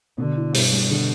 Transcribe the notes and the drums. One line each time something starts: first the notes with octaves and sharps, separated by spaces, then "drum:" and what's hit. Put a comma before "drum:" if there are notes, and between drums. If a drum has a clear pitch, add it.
B2 D3
E4
G2 B2, drum: open hi-hat
G3
D3